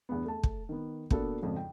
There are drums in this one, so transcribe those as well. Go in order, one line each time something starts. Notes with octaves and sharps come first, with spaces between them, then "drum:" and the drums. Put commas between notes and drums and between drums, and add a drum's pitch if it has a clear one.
E2 G2 B3
A3 A5
drum: kick
D#3 B3
A#2 A#3 B3 D4 F#4 A4, drum: kick
G#1 F2 C#3 F3
G5